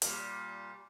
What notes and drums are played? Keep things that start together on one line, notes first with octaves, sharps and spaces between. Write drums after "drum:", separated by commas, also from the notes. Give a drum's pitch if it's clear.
A#2 G3, drum: hi-hat